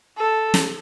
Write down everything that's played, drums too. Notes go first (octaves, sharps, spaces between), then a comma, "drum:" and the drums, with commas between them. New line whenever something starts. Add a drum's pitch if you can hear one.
A4
drum: snare